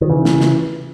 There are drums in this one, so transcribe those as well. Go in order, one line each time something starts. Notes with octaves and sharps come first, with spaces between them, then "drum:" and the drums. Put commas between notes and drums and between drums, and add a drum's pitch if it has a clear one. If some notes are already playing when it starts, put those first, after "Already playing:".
D#3
C#3 E3
C#3, drum: snare
drum: snare